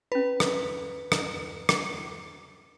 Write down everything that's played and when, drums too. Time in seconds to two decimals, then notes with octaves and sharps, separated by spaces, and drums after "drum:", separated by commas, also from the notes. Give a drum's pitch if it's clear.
0.12 C#4 E4 B4
0.40 drum: rim click
1.12 drum: rim click
1.69 drum: rim click